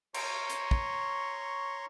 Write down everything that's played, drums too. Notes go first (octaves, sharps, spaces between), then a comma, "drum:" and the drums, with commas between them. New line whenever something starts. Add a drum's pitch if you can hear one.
C#5 A#5 C6 C#6, drum: cymbal
drum: hi-hat
drum: kick